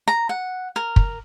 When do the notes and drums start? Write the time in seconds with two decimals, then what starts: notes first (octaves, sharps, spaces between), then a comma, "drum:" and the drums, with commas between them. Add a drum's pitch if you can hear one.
0.08 A#5
0.29 F#5
0.76 A#4
0.96 drum: kick